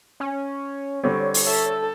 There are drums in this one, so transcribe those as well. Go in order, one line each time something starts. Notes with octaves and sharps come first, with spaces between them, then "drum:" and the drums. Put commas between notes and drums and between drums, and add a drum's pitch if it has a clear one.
C#4
D3 G3 C4 C#5
drum: open hi-hat
A4 E5